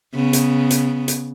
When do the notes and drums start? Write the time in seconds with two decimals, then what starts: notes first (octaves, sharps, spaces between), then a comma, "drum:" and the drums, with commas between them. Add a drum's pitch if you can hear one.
0.14 C#3 B3
0.33 drum: hi-hat
0.70 drum: hi-hat
1.08 drum: hi-hat